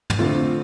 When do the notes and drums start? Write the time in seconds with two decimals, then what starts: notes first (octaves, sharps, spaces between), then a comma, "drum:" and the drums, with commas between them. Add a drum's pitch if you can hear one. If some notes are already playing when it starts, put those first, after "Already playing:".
0.10 drum: tom
0.19 F2 D3 A3 C4 F4